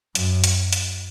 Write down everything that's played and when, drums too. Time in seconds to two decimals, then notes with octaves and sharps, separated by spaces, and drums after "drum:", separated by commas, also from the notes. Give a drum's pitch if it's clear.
0.15 F#2, drum: hi-hat
0.44 drum: hi-hat
0.73 drum: hi-hat